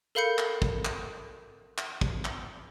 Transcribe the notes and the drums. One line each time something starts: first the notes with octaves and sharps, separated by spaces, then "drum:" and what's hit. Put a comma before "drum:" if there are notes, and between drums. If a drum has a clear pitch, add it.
A4 A#4 F5 B5 G6 C#7
drum: clap
drum: kick
drum: clap
drum: clap
drum: kick
drum: clap